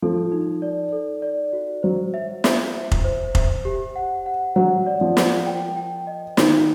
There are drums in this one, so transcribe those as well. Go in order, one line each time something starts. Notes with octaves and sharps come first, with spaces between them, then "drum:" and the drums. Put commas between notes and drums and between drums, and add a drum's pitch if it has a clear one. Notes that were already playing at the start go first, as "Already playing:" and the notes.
F3 A4
D#4
D5
A4
D5
F#4
F#3 C5
E5
E5, drum: snare
E5
drum: kick F1
C5
E5, drum: kick F1
G4
F#5
F#5
F#3 F#5
D5
F3
A#4, drum: snare
G5
G5
D#5
D#3 A#4, drum: snare